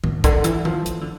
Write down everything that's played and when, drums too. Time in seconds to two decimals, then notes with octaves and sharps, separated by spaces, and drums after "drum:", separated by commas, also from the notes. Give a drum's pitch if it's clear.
0.04 A2, drum: tom D#3
0.24 D3, drum: kick, hi-hat
0.44 E3, drum: hi-hat
0.65 F3, drum: tom D#3
0.86 E3, drum: hi-hat
1.01 D3